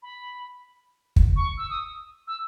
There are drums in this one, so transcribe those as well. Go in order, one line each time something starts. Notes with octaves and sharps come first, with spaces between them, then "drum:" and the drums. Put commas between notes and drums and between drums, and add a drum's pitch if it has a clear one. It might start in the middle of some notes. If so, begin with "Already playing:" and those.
B5
drum: kick
C#6
E6
D#6
E6